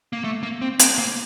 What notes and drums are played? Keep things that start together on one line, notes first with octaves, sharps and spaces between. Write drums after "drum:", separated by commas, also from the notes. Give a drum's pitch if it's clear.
A#3
A3
A#3
C4
C4, drum: hi-hat
A#3